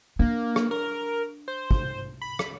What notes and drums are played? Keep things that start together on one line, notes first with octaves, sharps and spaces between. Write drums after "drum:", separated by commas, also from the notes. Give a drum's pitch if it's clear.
A#3 D4
drum: rim click
A#4
C5
drum: kick
B5
drum: rim click